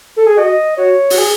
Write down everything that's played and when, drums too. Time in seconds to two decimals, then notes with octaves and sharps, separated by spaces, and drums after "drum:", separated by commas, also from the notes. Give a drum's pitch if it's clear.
0.16 A4
0.26 G#4
0.37 F#4 D#5
0.77 F#4 C#5
1.10 F#4, drum: open hi-hat
1.18 G#4